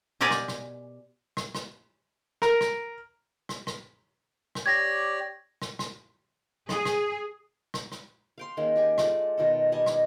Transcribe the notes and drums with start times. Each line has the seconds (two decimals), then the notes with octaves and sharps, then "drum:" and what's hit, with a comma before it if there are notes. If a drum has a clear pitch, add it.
0.21 B2 G4 A#4 D5 G#5
0.31 drum: rim click
0.48 drum: rim click
1.37 drum: rim click
1.55 drum: rim click
2.42 A#4, drum: rim click
2.61 drum: rim click
3.49 drum: rim click
3.67 drum: rim click
4.55 drum: rim click
4.66 G4 C#5 D5 G#6 A#6
5.62 drum: rim click
5.79 drum: rim click
6.69 G#4, drum: rim click
6.85 drum: rim click
7.74 drum: rim click
7.92 drum: rim click
8.38 F5 G5 C6
8.57 D#3 G#3 A#3 C#4
8.76 G4 G5 G#5
8.98 G#3 A3 F4 D5, drum: rim click
9.38 B2 D#3 A4
9.72 G3 D#5 G#5 A5
9.86 drum: rim click